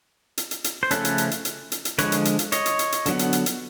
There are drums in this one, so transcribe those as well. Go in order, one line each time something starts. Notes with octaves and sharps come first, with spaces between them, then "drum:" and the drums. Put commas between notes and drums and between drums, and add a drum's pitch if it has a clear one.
drum: hi-hat
drum: hi-hat
drum: hi-hat
C5
C#3 F3 A3 C#4 A4 B4, drum: hi-hat
drum: hi-hat
drum: hi-hat
drum: hi-hat
drum: hi-hat
drum: hi-hat
drum: hi-hat
D3 F3 G#3 B4 C#5, drum: hi-hat
drum: hi-hat
drum: hi-hat
drum: hi-hat
C#5 D#5, drum: hi-hat
drum: hi-hat
drum: hi-hat
drum: hi-hat
D3 F#3 B3, drum: hi-hat
drum: hi-hat
drum: hi-hat
drum: hi-hat